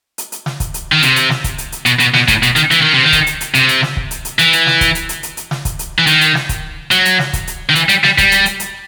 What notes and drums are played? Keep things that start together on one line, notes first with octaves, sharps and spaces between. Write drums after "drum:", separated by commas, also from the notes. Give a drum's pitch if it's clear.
drum: hi-hat
drum: hi-hat
drum: snare
drum: kick, hi-hat
drum: hi-hat
D#3
C3, drum: hi-hat
drum: hi-hat
drum: snare
drum: kick, hi-hat
drum: hi-hat
drum: hi-hat
B2, drum: hi-hat
B2, drum: hi-hat
B2, drum: snare
A2, drum: kick, hi-hat
B2, drum: hi-hat
D#3, drum: hi-hat
E3, drum: hi-hat
D#3
C3
D#3
drum: kick, hi-hat
drum: hi-hat
drum: hi-hat
C3, drum: hi-hat
drum: hi-hat
drum: snare
drum: kick
drum: hi-hat
drum: hi-hat
E3, drum: hi-hat
drum: hi-hat
drum: snare
drum: kick, hi-hat
drum: hi-hat
drum: hi-hat
drum: hi-hat
drum: hi-hat
drum: snare
drum: kick, hi-hat
drum: hi-hat
E3
D#3, drum: hi-hat
drum: hi-hat
drum: snare
drum: kick, hi-hat
F#3, drum: hi-hat
drum: hi-hat
drum: snare
drum: kick, hi-hat
drum: hi-hat
D#3
E3, drum: hi-hat
G3, drum: hi-hat
G3, drum: snare
G3, drum: kick, hi-hat
drum: hi-hat
drum: hi-hat
drum: hi-hat